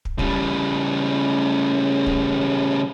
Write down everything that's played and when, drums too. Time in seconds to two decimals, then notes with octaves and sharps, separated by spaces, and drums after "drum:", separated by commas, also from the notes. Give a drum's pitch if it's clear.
0.05 drum: kick
0.19 C#3 G3, drum: kick
2.06 drum: kick